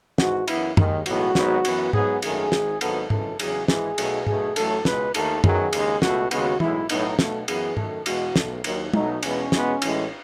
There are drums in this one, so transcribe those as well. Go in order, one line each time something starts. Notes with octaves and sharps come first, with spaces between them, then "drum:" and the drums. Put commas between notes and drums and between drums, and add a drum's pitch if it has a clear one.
G#1 G#2 E3 F#4, drum: snare
F#2 E3 B3 E4, drum: cymbal
D#2 D#3 G#3, drum: tom F#2
B1 A2 E3 G#3 B3 F#4, drum: cymbal
G#1 G#2 F#3 B3, drum: snare
F#2 E3 B3, drum: cymbal
G#2 F#3 B3 G#4, drum: tom G#2
G#1 F#2 D#3 A3 G#4, drum: cymbal
G#1 G#2 D#3, drum: snare
G#1 G#2 F#3 B3 A4, drum: cymbal
G#1 F#2 C#3 E3 G#3 A4, drum: tom G#2
E2 C#3 F#3 G#4, drum: cymbal
G#1 G#2 E3 G#3 G#4, drum: snare
B1 B2 F#3 A3, drum: cymbal
B1 B2 A3 G#4, drum: tom G#2
A1 A2 F#3 A3 A4, drum: cymbal
C#2 B2 G#3 B4, drum: snare
D#2 D#3 A3 A4, drum: cymbal
F#2 D#3 F#3 B3 G#4, drum: tom F#2
D#2 C#3 G#3, drum: cymbal
C#2 B2 A3 F#4, drum: snare
D#2 C#3 G#3 B3 F#4, drum: cymbal
B1 A2 G#3 E4, drum: tom
B1 A2 F#3 B3 D#4, drum: cymbal
B1 B2 A3, drum: snare
F#2 E3 B3 G#4, drum: cymbal
F#2 D#3 A3 A4, drum: tom G#2
E2 B2 G#3 F#4, drum: cymbal
B1 B2 A3, drum: snare
D#2 D#3 F#3, drum: cymbal
B1 B2 F#3 A3 D#4, drum: tom
E2 B2 G#3 B3 C#4, drum: cymbal
E2 B2 G#3 B3, drum: snare
A1 A2 E3 G#3, drum: cymbal